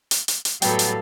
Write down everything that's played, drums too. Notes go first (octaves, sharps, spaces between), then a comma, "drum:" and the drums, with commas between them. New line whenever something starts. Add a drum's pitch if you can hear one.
drum: hi-hat
drum: hi-hat
drum: hi-hat
A2 F#3 G3 B3 A4 F5 G5, drum: hi-hat
drum: hi-hat